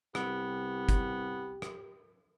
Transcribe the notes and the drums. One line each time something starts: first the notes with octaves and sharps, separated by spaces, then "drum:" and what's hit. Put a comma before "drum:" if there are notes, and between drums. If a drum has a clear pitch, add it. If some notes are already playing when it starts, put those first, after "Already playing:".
C2 B3 G4, drum: rim click
drum: kick, hi-hat
drum: rim click